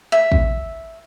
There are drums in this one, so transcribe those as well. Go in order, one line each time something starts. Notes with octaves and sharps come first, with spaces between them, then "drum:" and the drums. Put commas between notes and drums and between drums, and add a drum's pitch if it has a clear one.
E5
drum: kick